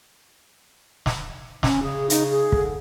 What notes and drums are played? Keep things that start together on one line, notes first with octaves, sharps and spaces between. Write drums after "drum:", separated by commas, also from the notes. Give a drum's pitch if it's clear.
drum: snare
C#4, drum: snare
C#3 G#4
D#4, drum: hi-hat
G#4
D3, drum: kick